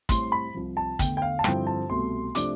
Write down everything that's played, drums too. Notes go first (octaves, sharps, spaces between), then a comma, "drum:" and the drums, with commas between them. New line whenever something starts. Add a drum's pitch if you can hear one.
A2 G3 C4 E4 C6, drum: kick, hi-hat
B5
C2 C3 F3
A5
E2 D3 A3 G5, drum: kick, hi-hat
G5
F5
A5
G2 D3 F3 C4 E4 G5, drum: rim click
A5
C2 B2 A3 C6
C3 F3 A3 D4 D6, drum: hi-hat